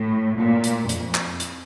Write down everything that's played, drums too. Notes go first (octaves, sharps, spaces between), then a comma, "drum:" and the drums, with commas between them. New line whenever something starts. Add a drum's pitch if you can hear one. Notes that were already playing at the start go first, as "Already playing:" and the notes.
Already playing: A2
A#2
drum: hi-hat
F2, drum: hi-hat
drum: clap
drum: hi-hat